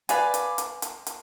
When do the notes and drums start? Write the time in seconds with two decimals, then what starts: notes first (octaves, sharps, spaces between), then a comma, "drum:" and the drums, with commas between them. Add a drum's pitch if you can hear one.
0.09 B4 D5 F5 G#5, drum: hi-hat
0.34 drum: hi-hat
0.58 drum: hi-hat
0.82 drum: hi-hat
1.07 drum: hi-hat